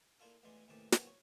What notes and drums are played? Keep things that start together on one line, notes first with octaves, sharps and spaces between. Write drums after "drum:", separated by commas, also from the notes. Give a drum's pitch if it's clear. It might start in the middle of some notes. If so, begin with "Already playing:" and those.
A#3 D4 E4 F4 A4
A1 E2 E3 G#3 D5 C6
D#2 A2 C3 E3 A5 D6
A#2 C#3 E3 F#3 B3 C4, drum: snare
C#5